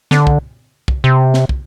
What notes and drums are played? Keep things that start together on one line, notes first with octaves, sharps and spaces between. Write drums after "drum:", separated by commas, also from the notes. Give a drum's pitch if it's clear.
D3, drum: snare
drum: kick
drum: kick
C3
drum: snare
drum: kick